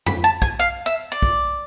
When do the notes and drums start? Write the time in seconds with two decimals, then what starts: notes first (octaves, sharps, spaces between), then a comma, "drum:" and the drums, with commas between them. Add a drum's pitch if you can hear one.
0.06 B5, drum: tom F2
0.24 A5
0.42 G#5, drum: kick
0.60 F5
0.86 E5
1.12 D5
1.22 drum: kick